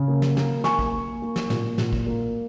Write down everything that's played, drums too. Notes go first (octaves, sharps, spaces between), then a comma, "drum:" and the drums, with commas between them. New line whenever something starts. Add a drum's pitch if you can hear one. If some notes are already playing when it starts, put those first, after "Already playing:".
Already playing: C#3
A#3
drum: snare
A#3, drum: snare
A#3 G#5 C#6, drum: snare
drum: kick
A#3
A#3
drum: snare
A#2, drum: snare
A#2, drum: snare
drum: kick
A#3